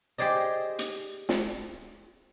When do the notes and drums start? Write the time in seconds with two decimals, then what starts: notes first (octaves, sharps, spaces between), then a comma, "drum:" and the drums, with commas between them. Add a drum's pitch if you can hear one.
0.18 G4 G#4 C5 D5 D#5
0.79 drum: hi-hat
1.29 drum: snare